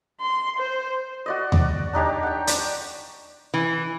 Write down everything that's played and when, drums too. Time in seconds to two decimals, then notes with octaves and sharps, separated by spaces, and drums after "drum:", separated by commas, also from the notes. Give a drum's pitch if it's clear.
0.21 C6
0.59 C5
1.26 F#4 D5 D#5
1.52 D5, drum: tom D#2
1.93 D4 D#4 G4 C#5
2.23 F#5 G5
2.47 D5 C#6, drum: hi-hat
3.54 E3